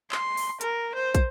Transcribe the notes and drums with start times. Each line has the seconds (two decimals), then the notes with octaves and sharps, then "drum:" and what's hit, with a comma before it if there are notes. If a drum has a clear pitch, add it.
0.12 C6, drum: clap
0.37 drum: open hi-hat
0.61 A#4, drum: hi-hat
0.95 C5
1.15 drum: kick, hi-hat